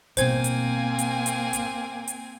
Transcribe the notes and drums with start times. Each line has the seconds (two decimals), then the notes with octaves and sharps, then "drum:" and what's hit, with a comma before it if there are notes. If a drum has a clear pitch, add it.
0.17 G#1 B2 A#3 C4 C5 G#5 G#6, drum: hi-hat
0.44 drum: hi-hat
0.99 drum: hi-hat
1.26 drum: hi-hat
1.53 drum: hi-hat
2.08 drum: hi-hat